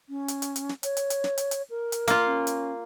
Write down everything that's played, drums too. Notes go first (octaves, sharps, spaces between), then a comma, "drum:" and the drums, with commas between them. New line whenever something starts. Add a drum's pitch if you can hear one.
C#4
drum: hi-hat
drum: hi-hat
drum: hi-hat
drum: snare
C#5, drum: hi-hat
drum: hi-hat
drum: hi-hat
drum: snare
drum: hi-hat
drum: hi-hat
A#4
drum: hi-hat
A#3 F4, drum: hi-hat
C#4
drum: hi-hat